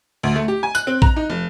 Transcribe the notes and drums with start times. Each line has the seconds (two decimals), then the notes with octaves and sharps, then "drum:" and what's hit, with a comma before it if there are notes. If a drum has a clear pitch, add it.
0.23 D2
0.36 A3
0.48 G4
0.63 G#5
0.75 F#6, drum: tambourine
0.87 C4
1.02 A#5, drum: kick
1.16 D#4
1.30 F1